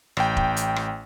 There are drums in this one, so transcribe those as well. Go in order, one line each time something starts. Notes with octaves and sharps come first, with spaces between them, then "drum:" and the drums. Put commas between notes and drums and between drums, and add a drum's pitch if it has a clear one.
A1 G5, drum: rim click
drum: kick E1
drum: hi-hat
drum: rim click